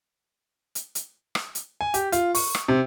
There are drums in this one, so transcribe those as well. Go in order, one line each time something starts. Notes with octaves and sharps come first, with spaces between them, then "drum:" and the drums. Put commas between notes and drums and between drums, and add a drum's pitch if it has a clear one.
drum: hi-hat
drum: hi-hat
drum: rim click
drum: hi-hat
G#5
G4, drum: hi-hat
F4, drum: hi-hat
C#6, drum: open hi-hat
drum: rim click
C3